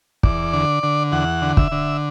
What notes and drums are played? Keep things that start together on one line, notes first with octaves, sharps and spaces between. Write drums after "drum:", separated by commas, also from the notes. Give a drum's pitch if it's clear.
E2 D5, drum: kick
D3
D3
E2 F#5
D3
E5, drum: kick
D3